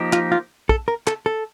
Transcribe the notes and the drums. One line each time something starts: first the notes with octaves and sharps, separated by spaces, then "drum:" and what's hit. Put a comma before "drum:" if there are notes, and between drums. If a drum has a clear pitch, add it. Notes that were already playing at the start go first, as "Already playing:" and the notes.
Already playing: F3 A#3 D#4 G4
F4, drum: clap
F4
A4, drum: kick
A#4
A4, drum: clap
A4